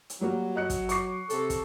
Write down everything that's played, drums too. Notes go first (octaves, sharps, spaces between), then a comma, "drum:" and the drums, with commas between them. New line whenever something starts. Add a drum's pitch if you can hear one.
drum: hi-hat
F#3 G3 A#3 F#4
D#5 F#6 C#7
drum: kick, hi-hat
C#6 D6 C7, drum: hi-hat
C3 A4, drum: hi-hat
drum: kick, hi-hat